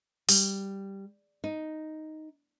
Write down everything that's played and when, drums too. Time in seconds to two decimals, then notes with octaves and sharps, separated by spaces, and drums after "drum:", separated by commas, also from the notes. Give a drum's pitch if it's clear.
0.29 G3, drum: open hi-hat
1.44 D#4